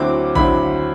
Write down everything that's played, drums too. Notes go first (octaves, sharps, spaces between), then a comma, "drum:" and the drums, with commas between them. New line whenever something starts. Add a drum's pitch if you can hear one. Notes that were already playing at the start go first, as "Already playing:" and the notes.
Already playing: D2 D3 F#3 C4 E4 D6
D2 D3 F#3 C4 E4 B5, drum: kick A#1